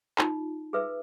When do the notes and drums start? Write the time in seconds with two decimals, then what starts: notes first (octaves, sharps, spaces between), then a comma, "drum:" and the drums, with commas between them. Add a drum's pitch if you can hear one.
0.18 D#4 F4, drum: clap
0.73 G#4 B4 E5 E6